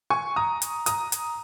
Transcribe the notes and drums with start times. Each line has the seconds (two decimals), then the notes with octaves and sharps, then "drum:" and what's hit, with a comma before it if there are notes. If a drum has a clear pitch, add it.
0.10 G#5 C#6
0.36 A#5 D#6
0.62 drum: hi-hat
0.86 A#5 D#6, drum: hi-hat
1.12 drum: hi-hat